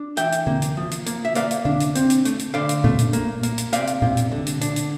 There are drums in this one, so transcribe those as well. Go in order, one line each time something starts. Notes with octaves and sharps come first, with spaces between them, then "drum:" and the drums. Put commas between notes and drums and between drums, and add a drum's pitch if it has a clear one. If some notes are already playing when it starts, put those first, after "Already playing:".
Already playing: D4
E3 E5 G5, drum: hi-hat
drum: hi-hat
A#3, drum: tom D3
drum: hi-hat
F3
drum: hi-hat
A#3, drum: hi-hat
E5
A#3 D5 F5, drum: hi-hat
drum: hi-hat
D4, drum: tom D3
drum: hi-hat
C4, drum: hi-hat
drum: hi-hat
A3, drum: hi-hat
drum: hi-hat
D3 D5 F5
drum: hi-hat
A3, drum: tom A#2
drum: hi-hat
A#3, drum: hi-hat
A#3, drum: hi-hat
drum: hi-hat
C3 D5 F5, drum: hi-hat
drum: hi-hat
C3, drum: tom A#2
drum: hi-hat
D3
drum: hi-hat
D4, drum: hi-hat
drum: hi-hat